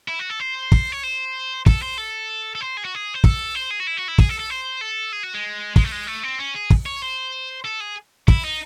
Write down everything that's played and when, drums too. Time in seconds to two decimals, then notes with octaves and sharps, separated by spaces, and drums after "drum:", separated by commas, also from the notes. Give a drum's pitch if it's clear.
0.08 E4
0.19 F#4
0.30 A4
0.40 C5
0.72 drum: kick
0.92 C#5
1.03 C5
1.66 A4, drum: kick
1.82 C5
1.98 A4
2.55 A4
2.61 C5
2.77 G#4
2.85 F#4
2.95 G#4
3.14 C5
3.24 A4, drum: kick
3.55 C5
3.70 G#4
3.80 F#4
3.87 E4
3.97 F#4
4.08 E4
4.18 G#4, drum: kick
4.29 A4
4.39 A4
4.50 C5
4.81 A4
5.13 G#4
5.23 F#4
5.34 G#3
5.76 G#3, drum: kick
5.84 A3
5.92 G#3
6.07 A3
6.23 C4
6.39 C#4
6.55 G#4
6.70 drum: kick
6.86 C#5
7.02 C5
7.64 A4
7.80 G#4
8.28 E4, drum: kick
8.44 D#4